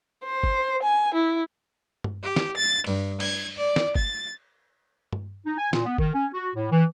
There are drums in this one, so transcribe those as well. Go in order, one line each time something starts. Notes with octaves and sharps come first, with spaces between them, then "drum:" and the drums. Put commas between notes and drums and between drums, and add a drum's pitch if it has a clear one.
C5
drum: kick G1
G#5
E4
drum: tom G2
G4
drum: snare
A6
G2, drum: open hi-hat
G#6, drum: cymbal
D5
drum: snare
A6, drum: kick G1
drum: tom G2
D#4
G#5
A#2, drum: snare
B3
D#3, drum: kick G1
C#4
F#4
A2
E3